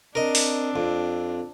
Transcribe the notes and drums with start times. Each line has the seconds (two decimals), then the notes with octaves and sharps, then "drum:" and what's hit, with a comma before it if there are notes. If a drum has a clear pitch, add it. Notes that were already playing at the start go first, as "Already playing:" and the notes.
0.15 C4 D4 A#4 D#5
0.35 drum: open hi-hat
0.76 F2